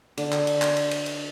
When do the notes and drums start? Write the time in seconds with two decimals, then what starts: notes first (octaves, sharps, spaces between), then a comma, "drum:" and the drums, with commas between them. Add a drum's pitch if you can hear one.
0.18 D3, drum: cymbal
0.32 drum: clap
0.47 drum: cymbal
0.62 drum: clap
0.77 drum: cymbal
0.91 drum: cymbal
1.06 drum: cymbal